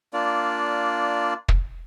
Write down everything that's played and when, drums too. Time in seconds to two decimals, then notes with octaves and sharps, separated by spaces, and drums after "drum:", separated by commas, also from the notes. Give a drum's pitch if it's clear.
0.13 A#3 D4 F4 D5
1.48 drum: kick